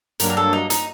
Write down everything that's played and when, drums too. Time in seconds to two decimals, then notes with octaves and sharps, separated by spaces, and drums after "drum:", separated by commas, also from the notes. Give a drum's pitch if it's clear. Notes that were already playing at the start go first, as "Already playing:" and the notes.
0.20 G2 F#3 A#3 D4 A#4, drum: hi-hat
0.30 A#4
0.37 A4
0.53 D#4
0.70 D#4, drum: hi-hat